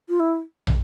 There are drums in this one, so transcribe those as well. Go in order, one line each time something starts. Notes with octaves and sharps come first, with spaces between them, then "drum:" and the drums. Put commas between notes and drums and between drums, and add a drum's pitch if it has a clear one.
F4
E4
drum: tom